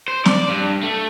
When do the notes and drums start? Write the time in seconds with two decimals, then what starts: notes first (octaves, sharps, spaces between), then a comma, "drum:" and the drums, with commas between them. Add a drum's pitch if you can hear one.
0.08 C5
0.25 D5, drum: snare
0.49 G2
0.83 A3